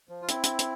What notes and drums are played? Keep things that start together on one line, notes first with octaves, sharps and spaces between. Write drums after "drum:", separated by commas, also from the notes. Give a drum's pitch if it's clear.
F3
F4
C4 E4, drum: hi-hat
drum: hi-hat
drum: hi-hat